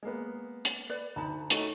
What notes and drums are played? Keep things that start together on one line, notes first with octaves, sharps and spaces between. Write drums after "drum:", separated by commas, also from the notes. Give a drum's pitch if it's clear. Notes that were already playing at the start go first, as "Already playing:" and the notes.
G#3 A#3 B3
drum: hi-hat
B4 D5
D2 D#4 A5 B5
A3 C#4 D#4 E4 F#4, drum: hi-hat